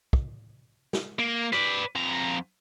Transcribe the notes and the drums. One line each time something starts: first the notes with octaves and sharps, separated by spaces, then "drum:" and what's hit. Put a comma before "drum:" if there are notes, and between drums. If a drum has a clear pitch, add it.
drum: kick
drum: snare
A#3
B4 D5, drum: rim click
F2 A#5